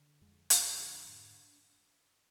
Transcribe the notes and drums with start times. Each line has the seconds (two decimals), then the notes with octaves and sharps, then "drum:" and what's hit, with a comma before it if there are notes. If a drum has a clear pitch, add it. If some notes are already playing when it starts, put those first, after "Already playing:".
Already playing: D3
0.21 F2 G#3
0.50 F2 C4, drum: hi-hat
0.78 D3 D4
1.06 G#2